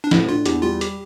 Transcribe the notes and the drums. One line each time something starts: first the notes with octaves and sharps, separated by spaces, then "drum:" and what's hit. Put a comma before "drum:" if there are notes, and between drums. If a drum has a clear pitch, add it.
D4
A2 E4, drum: snare
D4 F4
E2 G4, drum: hi-hat
G3 F4
G4, drum: hi-hat